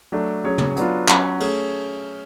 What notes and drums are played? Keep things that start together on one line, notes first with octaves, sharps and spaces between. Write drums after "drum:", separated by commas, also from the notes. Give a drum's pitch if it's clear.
F#3 A3 D4
F#3 C#4 G#4 C#5
drum: tom
F#3 B3 D4 F4, drum: hi-hat
F#3 C#4 F#4, drum: clap
A3 C#4 G#4 C#5, drum: cymbal